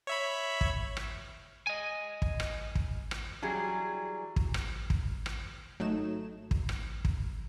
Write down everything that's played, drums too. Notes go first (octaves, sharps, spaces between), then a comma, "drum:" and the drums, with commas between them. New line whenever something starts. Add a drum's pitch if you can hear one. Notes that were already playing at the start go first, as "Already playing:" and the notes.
C#5 E5 B5
drum: kick
drum: rim click
D#5 G#5
drum: kick
drum: rim click
drum: kick
drum: rim click
E3 F#3 G3 G#4
drum: kick
drum: rim click
drum: kick
drum: rim click
G#1 F#3 A3 D#4 E7
drum: kick
drum: rim click
drum: kick